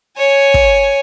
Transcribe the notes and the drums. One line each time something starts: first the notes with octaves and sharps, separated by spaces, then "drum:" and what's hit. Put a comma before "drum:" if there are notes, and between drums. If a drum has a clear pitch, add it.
C#5 G#5
drum: kick